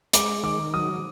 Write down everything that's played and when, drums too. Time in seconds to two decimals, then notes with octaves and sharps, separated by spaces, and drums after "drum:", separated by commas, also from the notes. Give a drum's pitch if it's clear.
0.13 G#3 D6, drum: hi-hat
0.44 D#3 D6
0.74 F#3 D#6